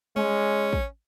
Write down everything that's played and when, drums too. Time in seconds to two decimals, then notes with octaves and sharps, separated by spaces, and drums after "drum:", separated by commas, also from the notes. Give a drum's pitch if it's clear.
0.16 G#3 C#4, drum: tom G3
0.73 drum: kick